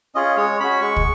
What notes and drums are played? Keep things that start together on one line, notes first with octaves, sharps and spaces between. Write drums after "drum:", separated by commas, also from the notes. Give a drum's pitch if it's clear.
C#4 F4 G#4 D#5
G#3 C#5
C#4 F#4 B5
G#3 C#6
drum: kick